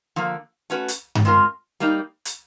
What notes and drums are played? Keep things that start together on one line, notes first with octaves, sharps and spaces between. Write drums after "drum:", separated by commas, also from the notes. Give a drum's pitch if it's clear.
D3 F3 A#3
A3 C#4 F#4 B4
drum: hi-hat
drum: tom G2
G#3 C4 F4 A#4
G3 A#3 D#4
drum: hi-hat